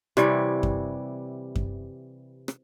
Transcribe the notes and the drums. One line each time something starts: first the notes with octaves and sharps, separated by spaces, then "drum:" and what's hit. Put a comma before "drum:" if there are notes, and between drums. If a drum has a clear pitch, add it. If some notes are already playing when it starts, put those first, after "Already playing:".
C3 E3 G3 C#5, drum: rim click
drum: kick F#2
drum: kick F#2
drum: rim click